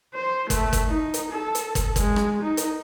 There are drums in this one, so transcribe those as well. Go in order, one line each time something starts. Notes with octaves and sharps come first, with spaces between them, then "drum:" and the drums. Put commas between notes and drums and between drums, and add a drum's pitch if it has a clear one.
C5
A3, drum: kick, hi-hat
drum: kick, hi-hat
D#4
drum: hi-hat
A4
drum: hi-hat
drum: kick, hi-hat
G#3, drum: kick, hi-hat
drum: rim click
D#4
drum: hi-hat